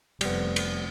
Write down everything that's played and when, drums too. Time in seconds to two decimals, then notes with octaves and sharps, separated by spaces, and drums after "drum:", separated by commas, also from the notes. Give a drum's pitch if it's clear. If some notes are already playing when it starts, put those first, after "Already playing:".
0.21 F1 G3 B3, drum: cymbal
0.56 drum: cymbal